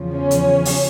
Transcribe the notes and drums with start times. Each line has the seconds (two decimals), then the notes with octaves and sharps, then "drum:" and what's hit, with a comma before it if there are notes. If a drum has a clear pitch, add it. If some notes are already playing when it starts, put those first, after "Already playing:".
Already playing: E2 C#3 F3
0.13 C#4
0.31 drum: hi-hat
0.65 drum: open hi-hat